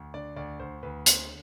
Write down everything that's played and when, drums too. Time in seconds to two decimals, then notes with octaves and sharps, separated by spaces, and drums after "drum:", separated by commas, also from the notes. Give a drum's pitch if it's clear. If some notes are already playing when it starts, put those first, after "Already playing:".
Already playing: D2
0.14 D3 D5
0.36 D2 D5
0.60 D2 C5
0.83 D2 B4
1.06 D3 C5, drum: hi-hat